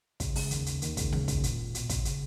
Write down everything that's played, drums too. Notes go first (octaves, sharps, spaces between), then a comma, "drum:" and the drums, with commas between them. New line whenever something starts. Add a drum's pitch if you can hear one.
C#2 C#3, drum: kick, hi-hat
C#2 C#3, drum: open hi-hat
D#2 D#3, drum: hi-hat
drum: hi-hat
D#2 D#3, drum: hi-hat
C#2 C#3, drum: kick, hi-hat
C#2 C#3, drum: snare
drum: kick, hi-hat
B2
A#2, drum: hi-hat
B2, drum: hi-hat
drum: kick, hi-hat
C#3, drum: hi-hat